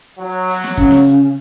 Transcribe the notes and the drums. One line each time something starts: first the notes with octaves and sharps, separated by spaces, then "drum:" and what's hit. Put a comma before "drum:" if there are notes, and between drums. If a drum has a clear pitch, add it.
F#3
drum: hi-hat
drum: snare
C#3, drum: kick, hi-hat
drum: snare
drum: hi-hat